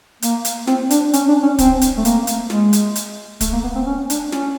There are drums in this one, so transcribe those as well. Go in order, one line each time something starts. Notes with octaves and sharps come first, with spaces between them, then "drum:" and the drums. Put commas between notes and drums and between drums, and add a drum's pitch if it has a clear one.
A#3, drum: hi-hat
drum: hi-hat
C4, drum: snare
D4, drum: hi-hat
C#4, drum: hi-hat
D4
C#4
C4, drum: kick, hi-hat
drum: hi-hat
A3
A#3, drum: hi-hat
drum: hi-hat
G#3, drum: snare
drum: hi-hat
drum: hi-hat
A3, drum: kick, hi-hat
A#3
B3
C4
C#4
D4, drum: hi-hat
C#4, drum: snare